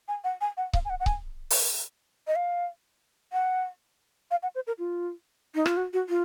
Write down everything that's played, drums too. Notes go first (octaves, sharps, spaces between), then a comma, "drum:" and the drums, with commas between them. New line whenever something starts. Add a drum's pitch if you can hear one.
G#5
F#5
G#5
F#5
F5, drum: kick C#1
G#5
F#5
F#5
G#5, drum: kick C#1
drum: open hi-hat
D#5
F5
F#5
F5
F#5
C5
A#4
F4
D#4
F4, drum: rim click
F#4
F#4
F4